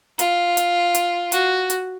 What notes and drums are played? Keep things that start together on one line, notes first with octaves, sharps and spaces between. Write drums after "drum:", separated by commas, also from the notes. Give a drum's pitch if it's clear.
F4, drum: hi-hat
drum: hi-hat
drum: hi-hat
F#4, drum: hi-hat
drum: hi-hat